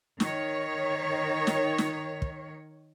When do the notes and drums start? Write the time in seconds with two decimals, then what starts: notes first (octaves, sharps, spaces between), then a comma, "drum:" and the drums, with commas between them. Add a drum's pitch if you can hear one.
0.20 D#3 C#5, drum: snare
1.47 drum: snare
1.78 drum: snare
2.22 drum: kick